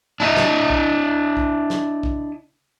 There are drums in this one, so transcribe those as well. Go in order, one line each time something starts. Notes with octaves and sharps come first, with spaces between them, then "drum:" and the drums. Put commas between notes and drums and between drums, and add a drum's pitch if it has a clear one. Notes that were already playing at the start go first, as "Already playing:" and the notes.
D4 E4 D#5
drum: snare
drum: kick
drum: kick
drum: snare
drum: kick